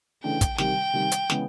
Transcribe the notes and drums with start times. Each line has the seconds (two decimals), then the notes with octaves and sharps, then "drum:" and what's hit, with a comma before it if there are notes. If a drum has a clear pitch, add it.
0.24 C#3 E3 A3 D4 G5
0.41 drum: kick, hi-hat
0.58 C3 D#3 G3 G5, drum: snare
0.93 C3 D#3 G3
1.11 drum: hi-hat
1.30 C#3 E3 G#3 B3, drum: snare